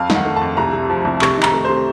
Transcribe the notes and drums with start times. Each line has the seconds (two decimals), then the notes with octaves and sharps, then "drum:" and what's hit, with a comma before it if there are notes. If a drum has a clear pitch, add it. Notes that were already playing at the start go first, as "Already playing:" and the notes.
Already playing: F2 F5
0.10 D#3, drum: snare
0.15 F#5
0.25 A3
0.36 A5
0.41 F2
0.57 C2 A#5
0.73 C3
0.90 F3
1.05 C2
1.21 C3 C#6, drum: clap
1.38 D#3
1.43 A#5, drum: clap
1.54 A3
1.65 C3 C5